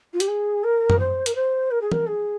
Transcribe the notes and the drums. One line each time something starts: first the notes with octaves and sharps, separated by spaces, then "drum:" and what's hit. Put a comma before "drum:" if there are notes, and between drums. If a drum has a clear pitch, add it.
F4
G4, drum: hi-hat
G#4
A#4
drum: tom F#2
C5
A#4, drum: hi-hat
C5
A#4
G#4
A#4, drum: tom E3
G#4